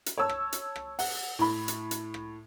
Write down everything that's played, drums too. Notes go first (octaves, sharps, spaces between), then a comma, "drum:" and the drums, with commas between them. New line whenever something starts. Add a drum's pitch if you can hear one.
drum: hi-hat
C#5 A5 E6
drum: rim click
drum: hi-hat
drum: rim click
F#5, drum: open hi-hat
A2 B5
drum: hi-hat
drum: hi-hat
drum: rim click